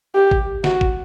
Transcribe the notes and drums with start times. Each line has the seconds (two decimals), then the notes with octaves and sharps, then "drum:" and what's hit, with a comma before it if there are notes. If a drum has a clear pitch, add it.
0.15 G4
0.31 drum: kick
0.64 F#4, drum: snare
0.81 drum: kick